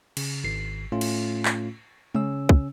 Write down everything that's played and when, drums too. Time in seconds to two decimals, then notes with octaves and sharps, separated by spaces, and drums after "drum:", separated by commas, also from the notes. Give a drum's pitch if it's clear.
0.17 C#3, drum: cymbal
0.44 G#1 C7
0.92 A2 A3 C#4 F4
1.01 drum: cymbal
1.45 drum: clap
2.15 C#3 C#4 E6, drum: tom G#3
2.49 drum: kick